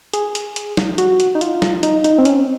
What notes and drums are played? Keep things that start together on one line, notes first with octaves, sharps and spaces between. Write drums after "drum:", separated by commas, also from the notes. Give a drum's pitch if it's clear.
G#4, drum: hi-hat
drum: hi-hat
drum: hi-hat
drum: snare
F#4, drum: hi-hat
drum: hi-hat
D#4
F4, drum: hi-hat
drum: snare
D#4, drum: hi-hat
D#4, drum: hi-hat
C4
C#4, drum: hi-hat